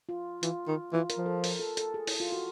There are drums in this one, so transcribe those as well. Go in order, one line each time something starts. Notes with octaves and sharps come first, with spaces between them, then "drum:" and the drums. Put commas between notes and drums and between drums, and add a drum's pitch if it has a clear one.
F4
E3 F4, drum: hi-hat
D#3
E3 F4
A#4, drum: hi-hat
F3
A4
A#4, drum: open hi-hat
A4
A4, drum: hi-hat
G#4
E4, drum: open hi-hat
F4
F#4